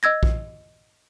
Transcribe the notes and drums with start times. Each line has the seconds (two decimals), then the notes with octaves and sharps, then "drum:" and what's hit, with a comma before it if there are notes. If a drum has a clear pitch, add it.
0.03 D#5 E6 G#6 A#6
0.23 drum: kick